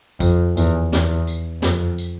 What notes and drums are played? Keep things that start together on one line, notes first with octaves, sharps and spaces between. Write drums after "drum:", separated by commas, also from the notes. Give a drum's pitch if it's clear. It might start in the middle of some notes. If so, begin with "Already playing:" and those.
F2, drum: kick A1, tambourine
E2, drum: tambourine
E2, drum: snare
drum: tambourine
F2, drum: snare
drum: tambourine